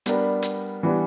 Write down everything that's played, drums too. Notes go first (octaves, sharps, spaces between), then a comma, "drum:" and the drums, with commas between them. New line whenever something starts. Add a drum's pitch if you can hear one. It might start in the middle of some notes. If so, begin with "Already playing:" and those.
G3 B3 D4 G4 A#4, drum: hi-hat
drum: hi-hat
E3 G3 B3 D4